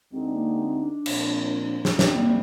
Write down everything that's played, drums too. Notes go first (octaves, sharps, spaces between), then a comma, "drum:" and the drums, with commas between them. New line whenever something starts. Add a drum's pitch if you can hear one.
D2 D3 G#3 C4 D#4 G4
A#3
C4
D4
A#2 F3 C4, drum: cymbal
drum: snare
C3 G3 C4 D4 G4, drum: snare
A#3